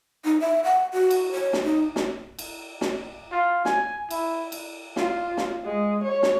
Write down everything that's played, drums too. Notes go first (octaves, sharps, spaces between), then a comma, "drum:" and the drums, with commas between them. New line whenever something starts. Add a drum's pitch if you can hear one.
D#4
E5
F#5
F#4
drum: cymbal
C#5
drum: snare
D#4
drum: snare
drum: cymbal
drum: snare
F4
G#5, drum: snare
E4, drum: cymbal
drum: cymbal
F4, drum: snare
drum: snare
G#3
C#5
drum: snare